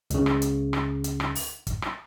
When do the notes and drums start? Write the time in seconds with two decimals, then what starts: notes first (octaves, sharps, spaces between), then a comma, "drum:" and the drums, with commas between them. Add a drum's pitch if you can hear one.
0.10 C#2 C#3, drum: hi-hat
0.26 drum: rim click
0.42 drum: hi-hat
0.73 drum: rim click
1.04 drum: hi-hat
1.20 drum: rim click
1.35 drum: open hi-hat
1.67 drum: kick, hi-hat
1.82 drum: rim click